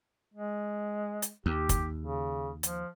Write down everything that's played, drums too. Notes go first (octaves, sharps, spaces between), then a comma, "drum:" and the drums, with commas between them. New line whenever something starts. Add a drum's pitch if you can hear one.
G#3
drum: hi-hat
D#2 G4
drum: kick, hi-hat
C#3
F3, drum: hi-hat